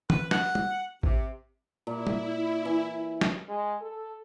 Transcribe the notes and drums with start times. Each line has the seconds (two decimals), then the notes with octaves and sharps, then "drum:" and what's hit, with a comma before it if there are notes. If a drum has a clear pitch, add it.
0.10 B4, drum: tom
0.31 F#5, drum: snare
0.55 drum: tom
1.03 C3, drum: kick G#1
1.87 A#2 E4
2.07 drum: tom
2.65 E3
3.21 drum: snare
3.49 G#3
3.81 A4